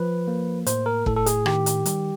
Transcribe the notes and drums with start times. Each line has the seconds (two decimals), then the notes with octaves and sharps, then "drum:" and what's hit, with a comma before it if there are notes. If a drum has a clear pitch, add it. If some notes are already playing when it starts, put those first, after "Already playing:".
Already playing: F3 B4
0.28 A#3
0.66 A2 C5, drum: hi-hat
0.86 A#4
1.06 A2 A4, drum: kick
1.16 A4
1.26 G#4, drum: hi-hat
1.46 D#3 G4, drum: rim click
1.66 drum: hi-hat
1.86 G3, drum: hi-hat